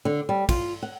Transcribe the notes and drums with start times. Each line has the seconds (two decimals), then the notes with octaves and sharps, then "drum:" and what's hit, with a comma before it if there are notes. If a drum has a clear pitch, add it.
0.05 D3
0.29 G3
0.49 F4, drum: kick, cymbal
0.83 F#5